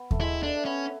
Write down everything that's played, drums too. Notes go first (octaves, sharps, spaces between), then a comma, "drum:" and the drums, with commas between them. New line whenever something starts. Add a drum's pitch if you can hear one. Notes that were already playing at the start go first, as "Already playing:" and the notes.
Already playing: B3
A3, drum: kick D#2
G#3 E4
A3 D4
A3
B3 C#4